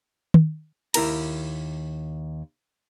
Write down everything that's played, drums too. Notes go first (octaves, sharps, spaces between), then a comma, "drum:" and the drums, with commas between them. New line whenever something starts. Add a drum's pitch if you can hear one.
drum: tom
D#2 E4 A#4 A#5, drum: cymbal